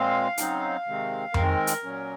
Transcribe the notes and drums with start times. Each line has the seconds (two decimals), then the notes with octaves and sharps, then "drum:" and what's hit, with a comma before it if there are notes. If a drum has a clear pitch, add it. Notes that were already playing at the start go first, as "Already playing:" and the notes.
Already playing: A#2 G#3 C4 F5
0.38 C#3 F#3 C4 D#4, drum: hi-hat
0.86 C3 D#3 G#3 C4
1.34 D#3 G#3 C4 A#4, drum: tom F2
1.67 drum: hi-hat
1.83 A#2 F#3 C#4